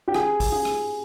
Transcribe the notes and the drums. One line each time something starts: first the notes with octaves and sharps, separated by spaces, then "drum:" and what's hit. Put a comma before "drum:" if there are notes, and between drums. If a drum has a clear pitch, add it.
G4
G#4, drum: rim click
drum: kick G#1, open hi-hat
G#4
drum: rim click